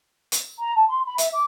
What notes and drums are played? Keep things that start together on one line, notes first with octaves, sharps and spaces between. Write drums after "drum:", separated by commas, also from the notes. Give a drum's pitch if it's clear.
drum: hi-hat
A#5
A5
C6
B5
E5, drum: hi-hat
D6